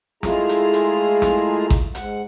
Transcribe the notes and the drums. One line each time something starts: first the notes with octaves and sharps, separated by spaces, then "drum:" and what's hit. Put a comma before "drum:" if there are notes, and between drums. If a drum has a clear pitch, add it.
G#3 A3 E4 F4 G#4 A#5, drum: snare
drum: hi-hat
drum: hi-hat
drum: snare
drum: kick A1, hi-hat
G#2 F#5, drum: hi-hat